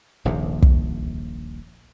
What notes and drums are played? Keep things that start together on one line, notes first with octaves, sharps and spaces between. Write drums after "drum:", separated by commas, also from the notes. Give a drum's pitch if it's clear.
D#1 A#1 D#2 C3
drum: kick